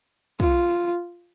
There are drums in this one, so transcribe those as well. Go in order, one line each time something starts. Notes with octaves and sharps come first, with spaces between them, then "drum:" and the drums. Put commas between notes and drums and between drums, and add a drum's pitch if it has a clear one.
F4, drum: kick